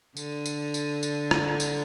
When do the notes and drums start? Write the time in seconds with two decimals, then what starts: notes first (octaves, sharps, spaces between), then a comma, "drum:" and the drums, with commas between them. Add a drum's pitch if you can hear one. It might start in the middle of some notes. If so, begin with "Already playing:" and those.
0.17 D3, drum: tambourine
0.46 drum: tambourine
0.74 drum: tambourine
1.03 drum: tambourine
1.31 drum: rim click
1.60 drum: tambourine